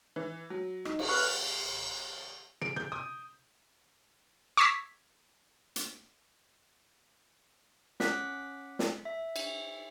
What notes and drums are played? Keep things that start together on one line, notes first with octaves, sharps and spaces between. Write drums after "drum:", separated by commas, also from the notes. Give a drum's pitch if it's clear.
E3
F#3
D#4, drum: rim click
drum: cymbal
B4 C#6 F6 F#6
D7, drum: tom
G6, drum: tom
D#6
C#6 D6 E6 G#6 A#6 B6
drum: hi-hat
C#4 F#5 D6 F#6 B6, drum: snare
drum: snare
E5
drum: cymbal